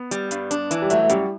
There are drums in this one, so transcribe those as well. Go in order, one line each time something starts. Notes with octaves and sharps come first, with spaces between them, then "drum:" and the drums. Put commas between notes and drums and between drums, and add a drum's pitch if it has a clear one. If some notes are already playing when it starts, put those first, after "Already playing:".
Already playing: B3
G3, drum: hi-hat
G2, drum: hi-hat
D4, drum: hi-hat
E3, drum: hi-hat
G3
F#3 A3, drum: hi-hat
A3
F#2 G3, drum: hi-hat